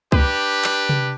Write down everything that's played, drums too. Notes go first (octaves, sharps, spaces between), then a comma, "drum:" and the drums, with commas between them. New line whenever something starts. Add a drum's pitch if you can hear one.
D4 G4 B4, drum: kick C#2
drum: clap
drum: tom C3